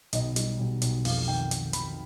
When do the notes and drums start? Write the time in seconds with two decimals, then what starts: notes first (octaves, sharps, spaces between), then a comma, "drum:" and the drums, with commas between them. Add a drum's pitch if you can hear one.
0.13 B1 D#5, drum: hi-hat
0.36 G3, drum: hi-hat
0.59 B1
0.82 B1, drum: hi-hat
1.05 F2 F5, drum: open hi-hat
1.27 D#3 G5
1.51 D#3, drum: hi-hat
1.73 D#3 B5, drum: hi-hat